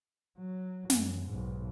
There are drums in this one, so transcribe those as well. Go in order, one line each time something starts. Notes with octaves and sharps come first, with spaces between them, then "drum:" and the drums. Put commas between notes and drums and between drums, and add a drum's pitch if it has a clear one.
F#3
F#2, drum: snare
B1 G#2